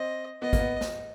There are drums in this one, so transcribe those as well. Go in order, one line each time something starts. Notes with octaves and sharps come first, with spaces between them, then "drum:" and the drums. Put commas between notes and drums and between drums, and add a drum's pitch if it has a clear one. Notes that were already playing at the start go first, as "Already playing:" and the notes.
Already playing: C4 D#5
B3 D#5
A#3, drum: kick, hi-hat
B3
drum: snare